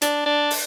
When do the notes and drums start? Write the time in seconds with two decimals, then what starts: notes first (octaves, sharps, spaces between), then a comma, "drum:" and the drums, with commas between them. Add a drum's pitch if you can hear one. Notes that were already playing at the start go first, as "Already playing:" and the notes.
0.02 D4, drum: hi-hat
0.26 D4
0.51 drum: open hi-hat